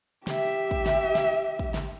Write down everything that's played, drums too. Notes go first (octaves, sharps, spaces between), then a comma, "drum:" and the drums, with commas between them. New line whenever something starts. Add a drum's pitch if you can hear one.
G4 E5, drum: snare
drum: kick
drum: snare
drum: snare
drum: kick
drum: snare